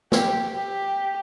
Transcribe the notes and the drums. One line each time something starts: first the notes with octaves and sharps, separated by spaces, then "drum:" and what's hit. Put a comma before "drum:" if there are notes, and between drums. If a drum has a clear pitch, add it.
G4, drum: snare
G4